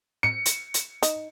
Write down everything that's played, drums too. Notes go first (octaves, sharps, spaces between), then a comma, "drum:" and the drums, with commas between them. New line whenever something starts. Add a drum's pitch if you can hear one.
C#7
drum: hi-hat
drum: hi-hat
D#4, drum: hi-hat